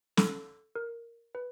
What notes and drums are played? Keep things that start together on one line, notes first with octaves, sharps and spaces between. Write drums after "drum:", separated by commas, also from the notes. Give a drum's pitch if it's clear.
A4, drum: snare
A#4
B4